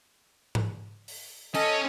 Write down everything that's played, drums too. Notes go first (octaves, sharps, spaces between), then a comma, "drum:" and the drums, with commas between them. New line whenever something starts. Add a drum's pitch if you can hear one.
drum: tom G#2
drum: open hi-hat
C#4 A4 D#5, drum: cymbal